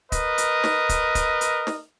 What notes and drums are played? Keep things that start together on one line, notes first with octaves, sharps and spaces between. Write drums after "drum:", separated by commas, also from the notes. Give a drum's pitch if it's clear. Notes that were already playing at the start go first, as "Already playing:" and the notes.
A#4 B4 D#5, drum: kick, hi-hat
drum: hi-hat
drum: snare
drum: kick, hi-hat
drum: kick, hi-hat
drum: hi-hat
drum: snare